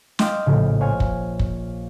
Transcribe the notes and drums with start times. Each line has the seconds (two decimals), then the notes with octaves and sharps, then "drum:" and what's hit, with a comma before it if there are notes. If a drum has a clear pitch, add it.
0.19 D#5 F5 G5 C6 D6 D#6, drum: snare
0.46 A#1 A2 C#3
0.81 C5 C#5 F5 G#5
1.00 drum: kick
1.39 drum: kick